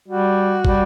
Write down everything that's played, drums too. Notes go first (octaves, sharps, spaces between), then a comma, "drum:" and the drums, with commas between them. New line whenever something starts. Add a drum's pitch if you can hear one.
G3 F#4
G3, drum: kick